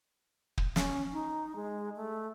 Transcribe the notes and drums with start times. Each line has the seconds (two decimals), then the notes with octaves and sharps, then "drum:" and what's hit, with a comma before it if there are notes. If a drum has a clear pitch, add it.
0.58 drum: kick
0.76 C#4, drum: snare
1.13 D#4
1.56 G#3
1.96 A3